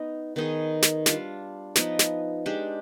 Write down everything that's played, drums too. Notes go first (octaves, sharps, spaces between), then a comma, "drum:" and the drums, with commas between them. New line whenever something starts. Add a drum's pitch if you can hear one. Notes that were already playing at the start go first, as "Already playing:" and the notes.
Already playing: B3 D#4
D#3 B3 D#4 G#4
drum: snare
G3 D4 F4, drum: snare
F3 B3 D#4 B4, drum: snare
drum: snare
G#3 D4 G4